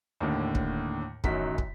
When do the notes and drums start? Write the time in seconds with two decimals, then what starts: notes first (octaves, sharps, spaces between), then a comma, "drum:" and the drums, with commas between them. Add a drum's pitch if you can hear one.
0.20 D#2 A2 D3
0.55 drum: kick
1.24 A1 F#2 D#3 F#3 B6, drum: kick
1.58 drum: kick